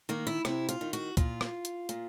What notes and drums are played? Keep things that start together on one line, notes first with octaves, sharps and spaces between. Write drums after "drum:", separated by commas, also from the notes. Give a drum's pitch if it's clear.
D#3 A#3
E4
C3 E4, drum: rim click
F4, drum: hi-hat
D#3
F#4, drum: hi-hat
A#2 F4, drum: kick C#2, hi-hat
drum: rim click
drum: hi-hat
A#2, drum: hi-hat